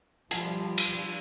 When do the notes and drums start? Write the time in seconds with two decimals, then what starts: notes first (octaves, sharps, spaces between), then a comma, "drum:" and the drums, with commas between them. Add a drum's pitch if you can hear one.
0.31 F3 G3, drum: hi-hat
0.78 drum: cymbal